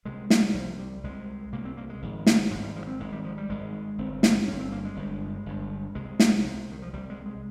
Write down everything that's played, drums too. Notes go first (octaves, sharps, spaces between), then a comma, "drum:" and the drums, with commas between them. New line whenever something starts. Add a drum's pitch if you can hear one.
C2 C3 G#3
G3, drum: snare
C2 C3 F3
G3
C2 C3 G#3
C2 C3 A#3
C4
A#3
G#3
G#1 G#2 F3
drum: snare
G#1 G#2 G#3
G3
F3
C4
G#1 G#2 G#3
G3
F3
G3
G#1 G#2 G#3
G1 G2 C4
drum: snare
G1 G2 C#4
C4
A#3
G#3
G1 G2
G1 G2
C2 C3 G#3
drum: snare
C2 C3
D#3
F3
C2 C3 G3
G#3
G#3